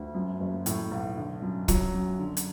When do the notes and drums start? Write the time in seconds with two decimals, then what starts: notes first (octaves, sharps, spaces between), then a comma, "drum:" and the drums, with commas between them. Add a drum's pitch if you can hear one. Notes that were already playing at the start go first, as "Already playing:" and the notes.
Already playing: D2
0.15 F#2
0.40 F#1
0.66 A2, drum: hi-hat
0.91 B1
1.17 D3
1.42 F#2
1.68 F#3, drum: kick, hi-hat
1.94 F#2
2.19 D3
2.37 drum: hi-hat